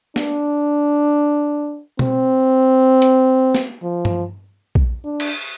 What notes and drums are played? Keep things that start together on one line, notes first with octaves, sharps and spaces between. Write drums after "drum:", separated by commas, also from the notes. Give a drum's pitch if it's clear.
D4, drum: snare
C4, drum: tom B2
drum: hi-hat
drum: snare
F3
drum: tom G2
drum: kick A#1
D4
drum: cymbal